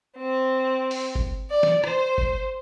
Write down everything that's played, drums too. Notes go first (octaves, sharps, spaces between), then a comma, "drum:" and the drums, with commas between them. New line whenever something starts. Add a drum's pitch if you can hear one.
C4
drum: open hi-hat
drum: kick G1
D5
drum: snare
C5, drum: rim click
drum: kick G1